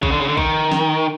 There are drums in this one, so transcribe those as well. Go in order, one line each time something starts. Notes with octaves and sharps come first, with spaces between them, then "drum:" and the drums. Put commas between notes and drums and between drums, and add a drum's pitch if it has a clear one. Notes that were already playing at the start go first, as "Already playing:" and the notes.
C#3, drum: kick A#1
D3
C#3
D3
D#3, drum: kick A#1
drum: snare